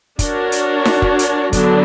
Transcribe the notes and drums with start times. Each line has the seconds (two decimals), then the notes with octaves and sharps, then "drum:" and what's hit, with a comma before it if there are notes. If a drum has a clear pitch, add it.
0.19 D4 F#4 A#4 C#5, drum: kick, hi-hat
0.52 drum: hi-hat
0.85 drum: snare D#4
1.02 drum: kick
1.19 drum: hi-hat
1.53 D3 F#3 B3 D4, drum: kick, hi-hat